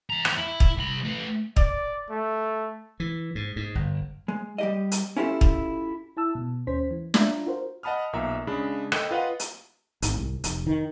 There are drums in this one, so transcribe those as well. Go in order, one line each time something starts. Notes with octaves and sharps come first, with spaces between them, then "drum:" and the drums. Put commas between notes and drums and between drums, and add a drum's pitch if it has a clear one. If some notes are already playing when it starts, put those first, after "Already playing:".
E2 A#5
drum: rim click
E4
drum: kick
C2 B5
A3 B4
D5, drum: kick
A3
E3
G#2
G#2
G1
G#3
G3 G4 D#5
drum: hi-hat
C#4 E4 F4 G4 A4
drum: kick
E4 A5 E6
B2
D#2 C#4 C5 B6
E3
D4 F4 E5 A#5, drum: snare
F4 F#4 A#4 C5
D#5 F#5 A5 B5 D#6 F6
B1 A#2 E5 A#5
C#3 G#3 D4 B5
A4 A#4 D#5 G5, drum: rim click
F4 B4 D#5 F5 F#5
drum: hi-hat
G#1, drum: hi-hat
C2
F1, drum: hi-hat
D#3